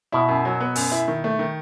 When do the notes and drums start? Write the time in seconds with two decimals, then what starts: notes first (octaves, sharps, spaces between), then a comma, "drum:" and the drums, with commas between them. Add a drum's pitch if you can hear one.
0.12 B2 E4
0.28 F#2
0.45 F#3
0.60 B3
0.76 F#2, drum: open hi-hat
0.91 E4
1.08 D#3
1.24 A3
1.39 D#3